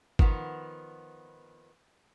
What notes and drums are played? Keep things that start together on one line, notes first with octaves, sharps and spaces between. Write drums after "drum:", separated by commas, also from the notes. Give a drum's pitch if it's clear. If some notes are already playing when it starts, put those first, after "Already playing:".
D#3 F3 B3, drum: kick G1